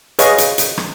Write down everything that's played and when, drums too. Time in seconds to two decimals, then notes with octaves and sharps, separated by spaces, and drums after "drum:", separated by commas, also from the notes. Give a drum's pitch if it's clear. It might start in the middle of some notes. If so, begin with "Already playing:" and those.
0.19 G#4 B4 C#5 D#5 F5 C#6, drum: hi-hat
0.38 drum: hi-hat
0.58 drum: hi-hat
0.78 drum: rim click